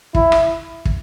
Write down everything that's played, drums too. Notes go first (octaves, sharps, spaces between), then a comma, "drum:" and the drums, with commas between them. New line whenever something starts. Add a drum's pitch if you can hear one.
E4, drum: kick
drum: rim click
drum: kick